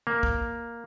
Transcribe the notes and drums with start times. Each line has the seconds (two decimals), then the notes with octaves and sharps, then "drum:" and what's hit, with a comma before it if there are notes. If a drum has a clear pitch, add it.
0.07 A#3
0.23 drum: kick